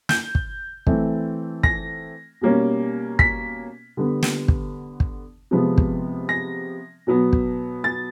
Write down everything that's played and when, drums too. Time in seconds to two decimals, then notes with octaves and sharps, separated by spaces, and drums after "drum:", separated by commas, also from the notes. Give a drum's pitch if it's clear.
0.09 G6, drum: snare
0.35 drum: kick
0.87 E3 A3 C4, drum: kick
1.63 A#6, drum: kick
2.41 B2 G3 A#3 C#4
3.19 B6, drum: kick
3.97 D3 G3 B3
4.22 drum: snare
4.48 drum: kick
5.00 drum: kick
5.51 C3 F3 G#3 B3
5.78 drum: kick
6.29 A#6
7.07 B2 F#3 B3
7.33 drum: kick
7.84 A6